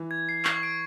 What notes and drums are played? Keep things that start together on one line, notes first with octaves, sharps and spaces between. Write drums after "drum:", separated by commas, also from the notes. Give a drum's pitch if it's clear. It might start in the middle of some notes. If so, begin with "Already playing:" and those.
Already playing: E3
G#6
C7
C#6, drum: clap
D7